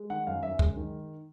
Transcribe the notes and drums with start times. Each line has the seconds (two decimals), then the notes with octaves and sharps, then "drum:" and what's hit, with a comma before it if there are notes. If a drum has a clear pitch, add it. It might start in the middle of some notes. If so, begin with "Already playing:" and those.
Already playing: G#3
0.10 D#3 F#5
0.27 F#2 F5
0.43 F#2 E5
0.59 G#3, drum: kick C#2
0.76 D#3